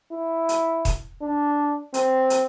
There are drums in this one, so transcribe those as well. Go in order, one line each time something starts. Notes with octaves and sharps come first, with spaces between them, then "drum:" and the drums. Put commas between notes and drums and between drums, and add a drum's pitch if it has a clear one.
E4
drum: hi-hat
drum: kick D#1, hi-hat
D4
C4, drum: hi-hat
drum: hi-hat